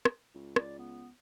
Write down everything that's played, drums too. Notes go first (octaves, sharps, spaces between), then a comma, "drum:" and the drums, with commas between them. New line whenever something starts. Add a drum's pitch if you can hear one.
drum: rim click
C#2
D5, drum: rim click
B3